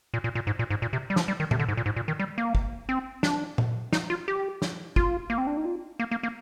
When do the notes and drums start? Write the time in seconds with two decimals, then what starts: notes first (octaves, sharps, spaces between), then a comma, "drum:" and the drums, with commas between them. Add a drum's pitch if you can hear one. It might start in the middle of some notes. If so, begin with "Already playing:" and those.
0.14 A#2
0.24 A#2
0.35 A#2
0.47 G#2
0.59 A#2
0.70 G#2
0.82 A#2
0.93 C3
1.10 G3
1.16 F3, drum: snare
1.28 G3
1.40 D#3
1.51 C3, drum: tom A#2
1.60 D3
1.69 G#2
1.77 A#2
1.86 G#2
1.96 A#2
2.08 D#3
2.19 G3
2.38 A#3
2.55 drum: kick G1
2.89 C4
3.23 D4, drum: snare
3.58 drum: tom A#2
3.93 D#4, drum: snare
4.10 F4
4.28 G4
4.62 drum: snare
4.96 F4, drum: kick G1
5.30 A#3
5.38 C4
5.47 D4
5.57 D#4
5.65 F4
6.00 A#3
6.11 A#3
6.23 A#3